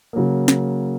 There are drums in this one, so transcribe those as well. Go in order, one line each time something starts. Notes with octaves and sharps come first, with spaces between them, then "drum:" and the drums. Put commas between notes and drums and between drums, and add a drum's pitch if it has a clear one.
C#3 F#3 A#3
drum: snare